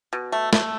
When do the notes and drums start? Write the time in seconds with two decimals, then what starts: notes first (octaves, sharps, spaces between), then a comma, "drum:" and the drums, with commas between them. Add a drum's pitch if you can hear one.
0.13 B2
0.32 A3
0.53 A3, drum: snare